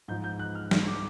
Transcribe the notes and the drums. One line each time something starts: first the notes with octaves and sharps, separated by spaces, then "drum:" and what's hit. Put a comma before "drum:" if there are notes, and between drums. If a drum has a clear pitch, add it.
G#2 F3 G#3 G6
G6
F#6
F6
F6, drum: snare
D6